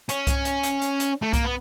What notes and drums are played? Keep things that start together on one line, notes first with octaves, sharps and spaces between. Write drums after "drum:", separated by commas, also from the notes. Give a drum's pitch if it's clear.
C#4, drum: hi-hat
drum: kick C2, hi-hat
drum: hi-hat
drum: hi-hat
drum: hi-hat
drum: hi-hat
A3
A#3, drum: kick C2, hi-hat
B3